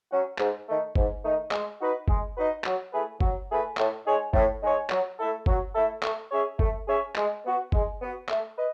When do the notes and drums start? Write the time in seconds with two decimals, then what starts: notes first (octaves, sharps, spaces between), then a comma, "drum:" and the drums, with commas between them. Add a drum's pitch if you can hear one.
0.10 F#3 C#4 F#4
0.39 G#2, drum: clap
0.66 D#3 A3 D#4
0.95 G#2, drum: kick F#1
1.23 D#3 A3 D#4
1.51 G#3, drum: clap
1.79 D#4 F#4 B4 D#5
2.08 G#3, drum: kick F#1
2.36 D#4 F#4 B4 D#5
2.64 F#3, drum: clap
2.92 A3 E4 G#4 B4
3.20 F#3, drum: kick F#1
3.49 A3 E4 G#4 B4
3.77 A2, drum: clap
4.06 G#3 D#4 G#4 C#5
4.33 A2, drum: kick F#1
4.62 G#3 D#4 G#4 C#5
4.90 F#3, drum: clap
5.18 A3 E4 A4 E5
5.46 F#3, drum: kick F#1
5.75 A3 E4 A4 E5
6.03 A3, drum: clap
6.31 C#4 G#4 C#5 E5
6.59 A3, drum: kick F#1
6.88 C#4 G#4 C#5 E5
7.16 G#3, drum: clap
7.44 B3 F#4
7.72 G#3, drum: kick F#1
8.00 B3 F#4
8.29 A3, drum: clap
8.57 B4 D#5